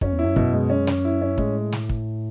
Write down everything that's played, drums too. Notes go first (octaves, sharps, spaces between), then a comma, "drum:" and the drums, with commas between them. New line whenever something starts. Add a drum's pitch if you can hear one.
F#2 C#4, drum: kick
E2
E4
F#2
B2, drum: kick
G#3
C#4
C#4, drum: snare
E4
C#4
A2 G#3, drum: kick
drum: snare
drum: kick